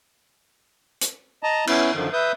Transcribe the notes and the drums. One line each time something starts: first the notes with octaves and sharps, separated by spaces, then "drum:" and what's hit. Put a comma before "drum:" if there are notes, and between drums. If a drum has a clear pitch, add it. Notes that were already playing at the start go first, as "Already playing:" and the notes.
drum: hi-hat
D#5 A5 A#5
B3 C#4 E4, drum: cymbal
F#2 D3 D#3 F3
B4 E5 D#6 G6